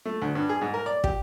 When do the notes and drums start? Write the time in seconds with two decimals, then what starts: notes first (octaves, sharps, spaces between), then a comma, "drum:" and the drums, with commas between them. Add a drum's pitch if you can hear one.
0.06 A3
0.22 D2
0.35 G2
0.49 G#4
0.61 G#2
0.74 A#4
0.86 D5
1.04 G4, drum: kick